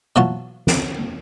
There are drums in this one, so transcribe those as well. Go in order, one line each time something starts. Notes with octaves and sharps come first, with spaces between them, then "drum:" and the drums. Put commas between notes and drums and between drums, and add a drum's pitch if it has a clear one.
B2 E3 F#3 F4 F#4 A5
drum: snare